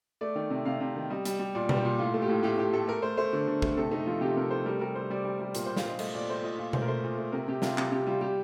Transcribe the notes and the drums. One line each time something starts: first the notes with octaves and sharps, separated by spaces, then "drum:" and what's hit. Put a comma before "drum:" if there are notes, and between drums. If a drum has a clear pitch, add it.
A3 D5
D#3
C3
C3 F5
C3
D#3
G3 D#5
G3, drum: hi-hat
G3
A#2 D5
G3, drum: tom B2
G4
A#2
A2 F4
A3
G4
A2
A2 G4
A2 G4
A2 A4
A3 A#4
A3 C5
A3 C5
D3
D3
A3, drum: kick
C3 A4
A3 D#4
F3 F4
C3 G4
C3 A#4
A3 C5
G3 A#4
G3 A#4
G3 C5
G3 D5
G3
G3
A#2 A#4, drum: hi-hat
C5
A#2
F5, drum: snare
A#2 D#5
A3 D#5, drum: cymbal
A#2 D5
A3 C5
A#2 D#5
A#2 F4
A3 C5, drum: tom B2
A#4
A3 C5
A#2
A3
C3 A#4
C3 G4
C3 F4, drum: snare
C3, drum: clap
C3 G4
G3 F4
G3 G4